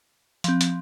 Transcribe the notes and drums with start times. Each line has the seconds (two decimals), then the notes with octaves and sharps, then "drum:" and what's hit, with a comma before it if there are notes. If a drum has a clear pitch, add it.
0.44 F3 C4, drum: hi-hat
0.61 drum: hi-hat